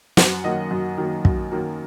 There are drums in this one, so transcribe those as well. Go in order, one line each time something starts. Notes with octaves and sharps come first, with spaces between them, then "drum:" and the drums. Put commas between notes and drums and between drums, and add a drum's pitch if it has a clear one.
F#2 F#5, drum: snare
D#3 F#3 A#3 D#5
F#2
D#3 F#3 A#3
F#2, drum: kick
D#3 F#3 A#3